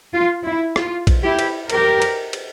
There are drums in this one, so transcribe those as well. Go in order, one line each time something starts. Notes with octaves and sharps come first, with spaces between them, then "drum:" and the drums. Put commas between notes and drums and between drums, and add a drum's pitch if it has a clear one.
F4
E4
F4, drum: rim click
drum: kick A#1, cymbal
E4 G4
drum: cymbal
G4 A#4, drum: cymbal
drum: cymbal
drum: cymbal